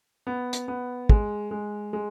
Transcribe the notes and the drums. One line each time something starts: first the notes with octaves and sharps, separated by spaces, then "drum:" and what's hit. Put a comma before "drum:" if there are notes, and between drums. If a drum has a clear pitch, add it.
B3
drum: hi-hat
B3
G#3, drum: kick
G#3
G#3